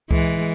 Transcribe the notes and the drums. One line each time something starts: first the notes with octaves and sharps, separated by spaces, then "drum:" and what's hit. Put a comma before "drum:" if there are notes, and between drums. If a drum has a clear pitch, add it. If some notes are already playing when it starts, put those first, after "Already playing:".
E3 G#3, drum: kick C#2